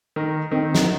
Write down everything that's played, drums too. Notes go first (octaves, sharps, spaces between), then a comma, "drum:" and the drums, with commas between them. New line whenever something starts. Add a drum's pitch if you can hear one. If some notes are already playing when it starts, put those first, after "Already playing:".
D#3 A#4
A#4
D#3 C4
C4
D#4, drum: snare